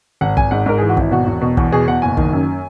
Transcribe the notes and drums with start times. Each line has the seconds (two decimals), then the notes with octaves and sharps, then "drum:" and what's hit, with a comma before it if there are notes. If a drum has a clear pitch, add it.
0.21 G#1 F#5
0.37 G#1 G#5, drum: kick
0.51 G#2 F#5
0.66 G#2 A#4
0.78 G#4
0.81 E3
0.89 F#4
0.97 G#1 E4, drum: kick
1.11 B2 F#4
1.27 E1
1.42 B2
1.57 E2 F#4, drum: kick
1.72 B2 G#4
1.88 B2 F#5
2.02 F#1 G#5
2.17 D#3, drum: kick
2.33 F#2